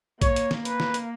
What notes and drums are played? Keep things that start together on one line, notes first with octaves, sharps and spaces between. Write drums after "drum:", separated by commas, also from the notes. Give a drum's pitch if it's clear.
A#3 C#5, drum: kick A#1, hi-hat
drum: hi-hat
drum: snare
B4, drum: hi-hat
drum: snare
drum: hi-hat